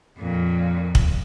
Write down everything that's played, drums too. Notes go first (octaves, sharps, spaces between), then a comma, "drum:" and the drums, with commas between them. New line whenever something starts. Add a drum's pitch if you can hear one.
F2 A#2
drum: kick